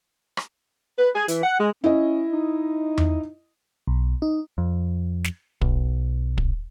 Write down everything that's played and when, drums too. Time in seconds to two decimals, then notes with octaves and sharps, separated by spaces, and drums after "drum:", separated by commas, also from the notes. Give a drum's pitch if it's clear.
0.37 drum: rim click
0.99 B4
1.15 G#4
1.28 E3, drum: hi-hat
1.43 F#5
1.60 G#3
1.84 C#4 E4 D#5
2.33 D#4
2.98 drum: tom E2
3.87 B1
4.22 D#4
4.58 F2
5.24 drum: snare
5.61 B1, drum: kick
6.38 drum: kick